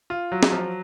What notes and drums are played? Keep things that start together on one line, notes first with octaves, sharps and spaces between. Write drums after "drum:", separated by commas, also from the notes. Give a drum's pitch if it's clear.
F4
F#3
drum: snare
F3